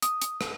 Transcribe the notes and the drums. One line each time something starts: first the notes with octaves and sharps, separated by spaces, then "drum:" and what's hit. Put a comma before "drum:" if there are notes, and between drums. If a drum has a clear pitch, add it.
D#6, drum: hi-hat
drum: hi-hat
drum: rim click